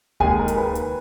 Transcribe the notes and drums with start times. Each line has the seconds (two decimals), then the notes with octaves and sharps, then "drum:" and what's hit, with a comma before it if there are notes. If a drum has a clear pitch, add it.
0.20 D#2 D#3 G#3 G#4 G#5, drum: kick D2
0.39 A#4 A#5
0.48 drum: hi-hat
0.57 B4 B5
0.75 drum: hi-hat